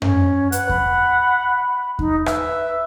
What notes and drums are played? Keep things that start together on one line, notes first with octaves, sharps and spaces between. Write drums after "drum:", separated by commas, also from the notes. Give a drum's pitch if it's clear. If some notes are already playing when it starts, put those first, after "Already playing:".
C#4, drum: tom F#2
B4 F#5, drum: hi-hat
B5, drum: kick E2
D#4, drum: kick E2
B4 E5, drum: rim click